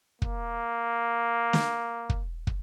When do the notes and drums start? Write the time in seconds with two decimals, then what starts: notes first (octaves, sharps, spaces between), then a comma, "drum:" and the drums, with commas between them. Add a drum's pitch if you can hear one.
0.22 A#3, drum: kick
1.53 drum: snare
2.10 drum: kick
2.47 drum: kick